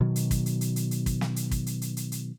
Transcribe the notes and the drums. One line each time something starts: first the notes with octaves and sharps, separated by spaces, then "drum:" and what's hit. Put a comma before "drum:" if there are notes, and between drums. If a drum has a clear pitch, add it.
B2 D#3 F#3
drum: hi-hat
drum: kick, hi-hat
drum: hi-hat
drum: hi-hat
drum: hi-hat
drum: hi-hat
drum: kick, hi-hat
drum: snare
drum: hi-hat
drum: kick, hi-hat
drum: hi-hat
drum: hi-hat
drum: hi-hat
drum: hi-hat